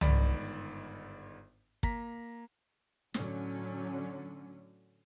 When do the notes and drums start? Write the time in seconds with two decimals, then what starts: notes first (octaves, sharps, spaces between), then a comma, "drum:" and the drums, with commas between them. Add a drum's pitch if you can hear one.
0.01 G1 G#2 D#3 D5 B5, drum: tom
1.83 A#3 A#5 B6, drum: kick
3.14 A2 D3 F#3 C#4, drum: snare